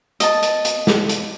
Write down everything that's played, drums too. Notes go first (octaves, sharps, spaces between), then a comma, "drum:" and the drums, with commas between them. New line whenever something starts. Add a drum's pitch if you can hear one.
D#5 A5, drum: hi-hat
drum: hi-hat
drum: hi-hat
drum: snare
drum: hi-hat